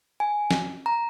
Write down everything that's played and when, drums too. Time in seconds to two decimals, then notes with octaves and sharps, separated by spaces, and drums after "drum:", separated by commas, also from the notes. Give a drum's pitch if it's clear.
0.20 G#5
0.51 drum: snare
0.86 A#5